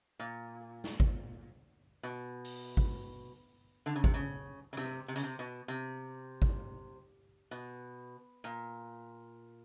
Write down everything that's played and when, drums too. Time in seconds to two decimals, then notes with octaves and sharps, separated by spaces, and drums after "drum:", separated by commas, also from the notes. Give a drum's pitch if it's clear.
0.19 A#2
0.84 drum: snare
1.00 drum: kick G#1
2.03 B2
2.45 drum: open hi-hat
2.77 drum: kick G#1
3.86 D3
3.96 C#3
4.04 C3, drum: kick G#1
4.14 C#3
4.73 C#3
4.77 C3, drum: rim click
5.08 C3
5.16 C#3, drum: hi-hat
5.23 C3
5.39 B2
5.68 C3
6.42 drum: kick G#1
7.51 B2
8.44 A#2